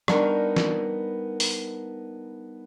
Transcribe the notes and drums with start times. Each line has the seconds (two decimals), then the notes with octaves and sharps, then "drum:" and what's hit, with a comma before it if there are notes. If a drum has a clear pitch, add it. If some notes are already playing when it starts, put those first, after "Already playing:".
0.08 G3 B3 D4 D#4 A#4, drum: rim click
0.56 drum: snare
1.40 drum: open hi-hat